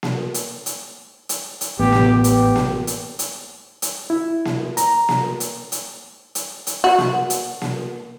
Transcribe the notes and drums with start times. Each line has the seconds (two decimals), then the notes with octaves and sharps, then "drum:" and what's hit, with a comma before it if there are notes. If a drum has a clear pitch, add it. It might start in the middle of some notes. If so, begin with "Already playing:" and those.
0.03 drum: snare A#3
0.34 drum: hi-hat
0.66 drum: hi-hat
1.29 drum: hi-hat
1.61 drum: hi-hat
1.79 A1 B3 G4
1.92 drum: snare A#3
2.13 G4
2.24 drum: hi-hat
2.56 drum: snare A#3
2.87 drum: hi-hat
3.19 drum: hi-hat
3.82 drum: hi-hat
4.10 E4
4.45 drum: snare A#3
4.77 A#5, drum: hi-hat
5.09 drum: snare A#3
5.40 drum: hi-hat
5.72 drum: hi-hat
6.35 drum: hi-hat
6.67 drum: hi-hat
6.84 F#4
6.98 drum: snare A#3
7.30 drum: hi-hat
7.62 drum: snare A#3